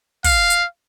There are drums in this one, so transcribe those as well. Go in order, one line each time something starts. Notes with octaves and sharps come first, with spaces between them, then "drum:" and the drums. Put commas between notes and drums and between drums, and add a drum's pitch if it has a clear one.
F5, drum: kick, open hi-hat
drum: hi-hat